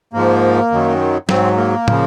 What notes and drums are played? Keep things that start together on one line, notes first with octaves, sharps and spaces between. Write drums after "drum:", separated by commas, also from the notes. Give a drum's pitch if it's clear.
G#2 F3 A#3
F#2 D#3 F#3
G#2 F#3 C4, drum: snare
A#3
C#3 F3, drum: tom